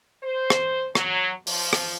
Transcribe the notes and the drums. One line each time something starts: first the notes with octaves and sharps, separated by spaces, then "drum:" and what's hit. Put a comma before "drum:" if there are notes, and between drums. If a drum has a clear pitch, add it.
C5
drum: rim click
F#3, drum: rim click
F3, drum: open hi-hat
drum: rim click